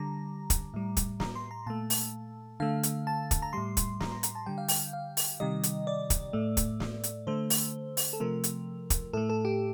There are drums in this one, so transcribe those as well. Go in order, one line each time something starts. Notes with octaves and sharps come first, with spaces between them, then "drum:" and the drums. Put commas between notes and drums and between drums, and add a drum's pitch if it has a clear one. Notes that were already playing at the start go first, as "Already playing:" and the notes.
Already playing: D3 G3 A#5
drum: kick, hi-hat
A2 G3
drum: kick, hi-hat
A#5, drum: snare
C6
A#5
A#2 A3 A5
drum: open hi-hat
D3 A3 F5
drum: hi-hat
A5
A5, drum: kick, hi-hat
A#5
A2 G3 C6
drum: kick, hi-hat
A#5, drum: snare
C6
A#5, drum: hi-hat
A5
D3 G3 G5
F5
G5, drum: open hi-hat
F5
drum: open hi-hat
C3 D#3 G3 D#5
drum: hi-hat
D5
drum: kick, hi-hat
A2 A3
drum: kick, hi-hat
drum: snare
drum: hi-hat
D3 A3 C5
drum: open hi-hat
drum: open hi-hat
A4
C3 F3 A3 A#4
drum: hi-hat
drum: kick, hi-hat
A2 A3 A4
A4
G4